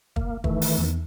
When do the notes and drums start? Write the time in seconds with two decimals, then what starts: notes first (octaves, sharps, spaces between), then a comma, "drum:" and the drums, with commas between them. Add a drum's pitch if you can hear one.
0.16 A#3, drum: kick
0.44 D#3 E3 A3, drum: kick
0.62 drum: open hi-hat
0.78 E2